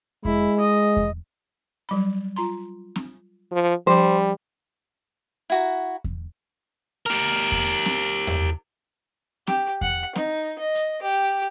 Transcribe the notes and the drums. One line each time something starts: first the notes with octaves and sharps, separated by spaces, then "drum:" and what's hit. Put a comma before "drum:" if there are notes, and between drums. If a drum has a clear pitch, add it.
G#3 E4, drum: kick E2
D#5
drum: kick E2
F#3 G3 B5
F4 A#5 C6
drum: snare C4
F3
F3 G3 D4 C5 D6
E4 F#4 A#5
drum: kick E2
G4 A#4
drum: kick E2
drum: snare C4
drum: tom E2
G4, drum: snare C4
F#5, drum: kick E2
D#4, drum: snare C4
D#5
drum: hi-hat
G4